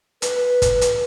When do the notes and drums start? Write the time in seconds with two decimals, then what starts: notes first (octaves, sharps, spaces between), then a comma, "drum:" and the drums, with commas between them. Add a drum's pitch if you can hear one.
0.22 B4, drum: hi-hat
0.62 drum: kick, hi-hat
0.81 drum: hi-hat